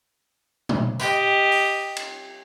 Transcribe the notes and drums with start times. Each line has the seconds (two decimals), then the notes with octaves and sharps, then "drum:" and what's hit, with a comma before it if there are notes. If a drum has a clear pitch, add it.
0.69 drum: tom
1.00 G4 D#5, drum: tambourine
1.51 drum: open hi-hat
1.96 drum: cymbal